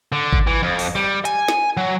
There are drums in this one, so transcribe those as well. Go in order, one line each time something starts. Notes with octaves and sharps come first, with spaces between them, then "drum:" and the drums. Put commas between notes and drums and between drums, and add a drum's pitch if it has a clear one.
D3
drum: kick G1
E3
F2
drum: open hi-hat
G3
G#5, drum: hi-hat
drum: snare
F#3